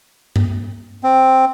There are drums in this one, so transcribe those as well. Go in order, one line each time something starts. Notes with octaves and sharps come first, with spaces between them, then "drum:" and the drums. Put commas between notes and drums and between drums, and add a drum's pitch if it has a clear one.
drum: tom G2
C4